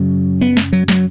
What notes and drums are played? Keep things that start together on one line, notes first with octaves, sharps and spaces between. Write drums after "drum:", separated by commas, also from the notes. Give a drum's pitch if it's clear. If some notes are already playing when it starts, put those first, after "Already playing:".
Already playing: F#2 C#3 F#3
B3
drum: snare
F#3
F#3, drum: snare